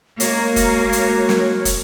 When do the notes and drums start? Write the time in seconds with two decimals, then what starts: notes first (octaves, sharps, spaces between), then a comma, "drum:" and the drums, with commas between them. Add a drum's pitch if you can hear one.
0.20 G#3 A#3 F#4 A#4 C#5, drum: hi-hat
0.56 drum: kick, hi-hat
0.92 drum: hi-hat
1.29 drum: snare
1.65 drum: kick, hi-hat